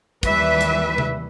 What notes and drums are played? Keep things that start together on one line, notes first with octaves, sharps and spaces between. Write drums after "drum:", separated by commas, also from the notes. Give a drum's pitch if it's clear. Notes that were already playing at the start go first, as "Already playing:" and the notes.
D#2 E3 G3 B4 E5, drum: kick, hi-hat
drum: hi-hat
drum: tom C3